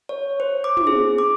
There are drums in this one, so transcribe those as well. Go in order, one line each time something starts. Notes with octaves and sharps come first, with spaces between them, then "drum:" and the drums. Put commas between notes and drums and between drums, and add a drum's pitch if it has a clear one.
C#5
C5
D6
drum: tom
G#4
D6